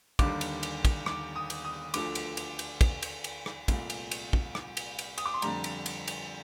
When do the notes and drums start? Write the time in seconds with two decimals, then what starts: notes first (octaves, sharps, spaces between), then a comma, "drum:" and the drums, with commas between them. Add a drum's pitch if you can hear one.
0.19 D#2 D3 G3 D6, drum: kick, cymbal
0.41 drum: cymbal
0.63 drum: cymbal
0.85 drum: kick, cymbal
1.06 D6, drum: rim click
1.36 D#6
1.50 drum: cymbal
1.65 D#6
1.94 D2 D3 F3 A3 D6, drum: cymbal
2.15 drum: cymbal
2.37 drum: cymbal
2.59 drum: cymbal
2.81 drum: kick, cymbal
3.03 drum: cymbal
3.24 drum: cymbal
3.46 drum: rim click
3.68 C2 A#2 A3, drum: kick, cymbal
3.90 drum: cymbal
4.11 drum: cymbal
4.33 drum: kick
4.55 drum: rim click
4.77 drum: cymbal
4.99 drum: cymbal
5.18 D#6, drum: cymbal
5.26 D6
5.34 C6
5.42 F2 D3 G3 A#5, drum: cymbal
5.64 drum: cymbal
5.86 drum: cymbal
6.08 drum: cymbal